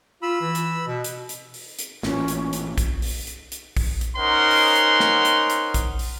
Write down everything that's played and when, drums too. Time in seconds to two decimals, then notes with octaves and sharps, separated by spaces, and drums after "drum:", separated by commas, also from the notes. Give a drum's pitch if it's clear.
0.22 F4 B5 E6
0.41 E3
0.55 drum: hi-hat
0.88 B2
1.04 drum: hi-hat
1.29 drum: hi-hat
1.54 drum: open hi-hat
1.79 drum: hi-hat
2.03 A1 A#2 C#4, drum: snare
2.28 drum: hi-hat
2.53 drum: hi-hat
2.78 drum: kick A#1, hi-hat
3.02 drum: open hi-hat
3.27 drum: hi-hat
3.52 drum: hi-hat
3.77 drum: kick A#1, open hi-hat
4.01 drum: hi-hat
4.17 C#4 D#4 A#4 C5 F#5 C6
4.51 drum: open hi-hat
4.75 drum: hi-hat
5.00 drum: snare
5.25 drum: hi-hat
5.50 drum: hi-hat
5.74 drum: kick A#1, hi-hat
5.99 drum: open hi-hat